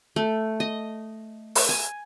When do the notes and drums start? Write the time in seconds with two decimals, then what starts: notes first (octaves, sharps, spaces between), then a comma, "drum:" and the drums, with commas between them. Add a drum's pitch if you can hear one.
0.16 A3
0.60 D#5
1.55 drum: open hi-hat
1.69 G#5